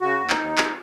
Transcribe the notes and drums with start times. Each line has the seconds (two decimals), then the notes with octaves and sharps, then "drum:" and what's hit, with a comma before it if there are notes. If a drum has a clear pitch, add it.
0.01 C#3 F#4
0.20 D#2
0.30 D#4, drum: clap
0.39 D#2
0.58 drum: clap